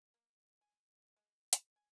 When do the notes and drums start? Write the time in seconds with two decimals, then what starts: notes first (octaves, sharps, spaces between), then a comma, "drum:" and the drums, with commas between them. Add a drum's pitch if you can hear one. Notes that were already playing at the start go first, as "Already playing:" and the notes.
0.14 A#3
0.61 G#5
1.17 G#3
1.53 drum: hi-hat
1.76 G#5